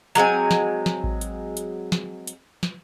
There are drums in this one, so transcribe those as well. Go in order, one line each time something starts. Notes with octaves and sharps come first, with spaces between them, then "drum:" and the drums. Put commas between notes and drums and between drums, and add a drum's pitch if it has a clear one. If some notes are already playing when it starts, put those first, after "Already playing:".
F#3 G#3 C4 G#5, drum: hi-hat
drum: snare
drum: snare
drum: kick A1
drum: hi-hat
drum: hi-hat
drum: snare
drum: hi-hat
drum: snare